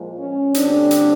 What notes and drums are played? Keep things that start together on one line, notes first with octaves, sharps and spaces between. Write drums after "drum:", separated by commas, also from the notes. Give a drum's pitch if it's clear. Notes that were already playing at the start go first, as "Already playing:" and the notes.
Already playing: A#2 F3 G#3
C#4
D2 D3 G3 C4 D4, drum: hi-hat
drum: hi-hat